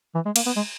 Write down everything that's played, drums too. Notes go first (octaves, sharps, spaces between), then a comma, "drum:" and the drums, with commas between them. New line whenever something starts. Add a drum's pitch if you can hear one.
E3
G#3
A#3, drum: cymbal
B3
G#3